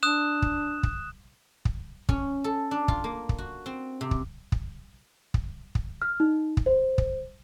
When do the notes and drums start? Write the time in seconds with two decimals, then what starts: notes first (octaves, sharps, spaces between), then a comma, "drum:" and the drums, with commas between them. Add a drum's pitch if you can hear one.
0.03 D4 D#6 F#6 E7
0.42 drum: kick
0.83 drum: kick
1.65 drum: kick
2.09 C#4, drum: kick
2.44 A4
2.71 D4
2.88 F4, drum: kick
3.04 A#3
3.29 drum: kick
3.38 F#4
3.66 C4
4.01 C3
4.11 drum: kick
4.52 drum: kick
5.34 drum: kick
5.75 drum: kick
6.02 F6
6.20 D#4
6.57 drum: kick
6.66 C5
6.98 drum: kick